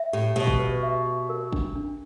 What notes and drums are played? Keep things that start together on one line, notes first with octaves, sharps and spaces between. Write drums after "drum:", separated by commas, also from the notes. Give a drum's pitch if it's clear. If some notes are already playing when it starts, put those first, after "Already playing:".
Already playing: E5
A2 G4
B2 G4
drum: kick
B4
E5
G4
A#4
D4, drum: kick
D4